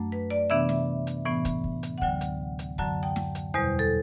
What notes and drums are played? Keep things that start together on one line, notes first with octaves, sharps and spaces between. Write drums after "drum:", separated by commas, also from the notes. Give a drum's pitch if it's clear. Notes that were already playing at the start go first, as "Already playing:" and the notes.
Already playing: F#2 F#3 A3 D4
B4
D5
C3 E3 B3 D4 E5
drum: snare
drum: hi-hat
A2 E3 B3
drum: kick, hi-hat
drum: kick
drum: hi-hat
F#5
D2 D3 F#3 G5, drum: kick
drum: hi-hat
drum: hi-hat
F#2 D3 F#3 A5, drum: kick
G5
drum: snare
drum: hi-hat
E2 B2 G3 C5
A4